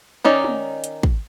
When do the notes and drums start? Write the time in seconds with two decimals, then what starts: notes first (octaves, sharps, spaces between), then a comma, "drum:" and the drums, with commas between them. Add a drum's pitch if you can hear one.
0.25 D#3 C#4 D#4 D5
0.44 drum: tom
0.84 drum: hi-hat
1.03 drum: kick